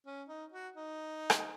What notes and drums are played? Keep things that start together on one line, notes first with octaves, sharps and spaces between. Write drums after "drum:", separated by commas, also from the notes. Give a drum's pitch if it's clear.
C#4
D#4
F#4
D#4
drum: rim click